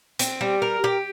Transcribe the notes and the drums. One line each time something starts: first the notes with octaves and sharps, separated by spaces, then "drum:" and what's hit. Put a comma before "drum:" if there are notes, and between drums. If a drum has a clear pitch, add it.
C4, drum: hi-hat
G3
A#4
G4